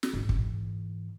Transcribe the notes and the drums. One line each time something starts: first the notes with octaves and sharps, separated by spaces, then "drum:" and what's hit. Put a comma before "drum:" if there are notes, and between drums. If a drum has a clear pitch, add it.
drum: snare
G#2 E3
drum: kick